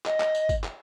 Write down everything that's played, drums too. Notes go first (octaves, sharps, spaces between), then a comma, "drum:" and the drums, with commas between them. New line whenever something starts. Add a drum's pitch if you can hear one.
D#5, drum: clap
drum: clap
drum: tambourine
drum: kick, tambourine
drum: clap